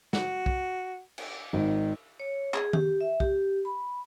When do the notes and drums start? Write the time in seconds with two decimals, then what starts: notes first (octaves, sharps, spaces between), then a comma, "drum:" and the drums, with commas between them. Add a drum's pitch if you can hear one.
0.13 F#4, drum: snare
0.46 drum: kick
1.18 drum: cymbal
1.53 G#1 D#3
2.20 C#5
2.54 G#4, drum: clap
2.73 G4, drum: tom D#3
3.01 E5
3.20 G4, drum: kick
3.65 B5